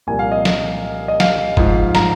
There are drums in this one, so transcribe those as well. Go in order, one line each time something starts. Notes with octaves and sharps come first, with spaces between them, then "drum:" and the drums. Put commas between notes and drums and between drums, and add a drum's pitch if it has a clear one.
C2 A#2 F3 G#5
F5
D#5
D#5, drum: snare
D#5
F5, drum: snare
G#2 F3, drum: kick
A#5, drum: snare